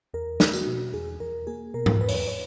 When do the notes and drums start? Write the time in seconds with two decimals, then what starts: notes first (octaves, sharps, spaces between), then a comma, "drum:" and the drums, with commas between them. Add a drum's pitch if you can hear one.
0.14 E2 A#4
0.40 A#3, drum: snare
0.53 F#4, drum: tambourine
0.67 B2
0.94 E2 G#4
1.20 E2 A#4
1.47 A#3 G#4
1.74 B2 A#4
1.86 drum: tom G#2
2.00 E2 B4
2.08 C#5, drum: open hi-hat
2.15 B4
2.27 C#5